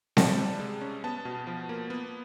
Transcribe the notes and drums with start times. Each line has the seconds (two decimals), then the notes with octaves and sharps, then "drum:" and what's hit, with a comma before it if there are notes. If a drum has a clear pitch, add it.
0.17 G3 A5, drum: snare C4
0.38 C3
0.59 G#3
0.81 C#4
1.04 B3 A5
1.25 B2
1.47 F3
1.69 A#3
1.90 B3